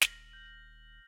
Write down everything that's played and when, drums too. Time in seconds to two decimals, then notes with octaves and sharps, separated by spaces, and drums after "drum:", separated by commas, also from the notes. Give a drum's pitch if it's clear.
0.01 D#1 F6 A#6 F#7, drum: snare
0.33 G6